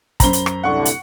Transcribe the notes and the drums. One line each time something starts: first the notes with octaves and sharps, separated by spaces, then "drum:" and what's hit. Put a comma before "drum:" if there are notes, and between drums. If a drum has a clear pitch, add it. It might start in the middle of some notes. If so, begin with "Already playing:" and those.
F#2 C5 A#5 B5 G7, drum: kick, hi-hat
drum: hi-hat
drum: rim click
C2 A2 D3 F#5 C#6
drum: hi-hat